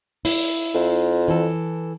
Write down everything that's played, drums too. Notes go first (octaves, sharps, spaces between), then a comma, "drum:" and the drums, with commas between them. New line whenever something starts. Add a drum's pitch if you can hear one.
E4, drum: open hi-hat
F2
E3 A4